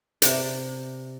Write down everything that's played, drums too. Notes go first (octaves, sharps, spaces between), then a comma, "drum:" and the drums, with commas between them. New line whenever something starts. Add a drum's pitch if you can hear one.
C3 D5, drum: hi-hat